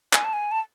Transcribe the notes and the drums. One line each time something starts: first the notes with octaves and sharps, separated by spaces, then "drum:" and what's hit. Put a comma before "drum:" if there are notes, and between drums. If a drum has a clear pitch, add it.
G#5, drum: clap
A5
G#5
A5